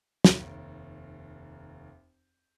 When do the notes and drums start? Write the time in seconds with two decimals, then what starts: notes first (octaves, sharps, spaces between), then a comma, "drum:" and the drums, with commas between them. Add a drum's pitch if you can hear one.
0.24 F1 D#2, drum: snare